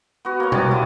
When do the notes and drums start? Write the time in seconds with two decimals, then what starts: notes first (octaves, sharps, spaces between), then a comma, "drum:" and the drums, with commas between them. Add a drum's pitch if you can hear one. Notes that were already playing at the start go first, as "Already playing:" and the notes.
0.25 B3 F#4
0.40 A#3 C#5
0.52 C3 D5 D#5, drum: tom B2
0.71 E4 D#5